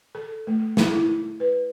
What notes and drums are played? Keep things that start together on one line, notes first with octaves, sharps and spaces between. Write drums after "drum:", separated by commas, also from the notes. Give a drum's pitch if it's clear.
A4
A3
E4, drum: snare
E4
B4